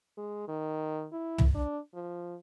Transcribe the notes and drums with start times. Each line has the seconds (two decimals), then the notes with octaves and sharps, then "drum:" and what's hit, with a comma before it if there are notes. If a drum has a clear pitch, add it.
0.17 G#3
0.48 D#3
1.12 E4
1.38 drum: tom
1.54 D4
1.94 F3